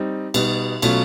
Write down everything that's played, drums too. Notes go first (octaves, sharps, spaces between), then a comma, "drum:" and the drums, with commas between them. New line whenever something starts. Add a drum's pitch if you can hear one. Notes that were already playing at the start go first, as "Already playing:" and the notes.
Already playing: G3 C4 D#4
B2 G3 B3 D#4, drum: cymbal
B2 F#3 A3 C#4 F4, drum: cymbal